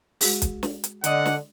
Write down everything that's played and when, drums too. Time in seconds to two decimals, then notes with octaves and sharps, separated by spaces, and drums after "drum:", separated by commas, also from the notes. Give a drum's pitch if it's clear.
0.21 G#3 F#4 G#4, drum: open hi-hat
0.42 drum: kick, hi-hat
0.63 drum: snare
0.84 drum: hi-hat
1.04 D3 C5 D5 D#5 F#5, drum: hi-hat
1.26 drum: snare